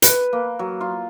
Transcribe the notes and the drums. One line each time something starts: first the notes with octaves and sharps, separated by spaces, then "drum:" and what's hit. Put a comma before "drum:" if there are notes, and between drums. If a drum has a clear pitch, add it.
B4, drum: hi-hat
A#3
F#3
F4